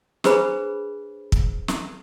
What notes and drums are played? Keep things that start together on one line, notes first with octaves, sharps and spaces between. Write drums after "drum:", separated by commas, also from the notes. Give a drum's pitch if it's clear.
D4 G#4 B4 C5 B5, drum: snare
drum: kick
drum: snare